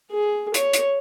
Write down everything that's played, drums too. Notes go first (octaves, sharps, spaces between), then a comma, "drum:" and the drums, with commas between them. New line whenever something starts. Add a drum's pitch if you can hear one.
G#4
C#5, drum: hi-hat
drum: hi-hat